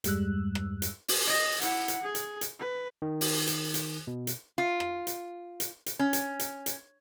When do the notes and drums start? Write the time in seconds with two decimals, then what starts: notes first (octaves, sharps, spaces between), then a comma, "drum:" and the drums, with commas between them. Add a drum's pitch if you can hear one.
0.04 E2 G2 G3 G#3 E6 F#6, drum: hi-hat
0.55 drum: rim click
0.82 drum: hi-hat
1.08 drum: open hi-hat
1.27 D#5
1.62 E4 F#5, drum: hi-hat
1.88 drum: hi-hat
2.03 G#4
2.15 drum: hi-hat
2.41 drum: hi-hat
2.59 B4
3.02 D#3
3.21 drum: open hi-hat
3.47 drum: hi-hat
3.74 drum: hi-hat
4.07 B2
4.27 drum: hi-hat
4.58 F4
4.80 drum: rim click
5.07 drum: hi-hat
5.60 drum: hi-hat
5.86 drum: hi-hat
5.99 C#4
6.13 drum: hi-hat
6.39 drum: hi-hat
6.66 drum: hi-hat